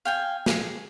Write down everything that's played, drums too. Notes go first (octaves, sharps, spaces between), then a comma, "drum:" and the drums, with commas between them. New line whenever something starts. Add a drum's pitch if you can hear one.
F5 G5 G#5
G#4, drum: snare